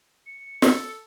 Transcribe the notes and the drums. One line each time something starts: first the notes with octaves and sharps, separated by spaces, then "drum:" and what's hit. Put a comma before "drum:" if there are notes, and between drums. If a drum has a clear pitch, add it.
C#7
A4, drum: snare